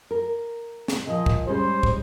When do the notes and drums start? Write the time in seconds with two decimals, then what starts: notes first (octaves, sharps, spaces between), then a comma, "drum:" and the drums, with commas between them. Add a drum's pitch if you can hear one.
0.11 A#4
0.88 drum: snare
1.07 A#2 F3 D#5
1.26 drum: kick
1.47 G3 G#3 C#4 C5
1.83 drum: kick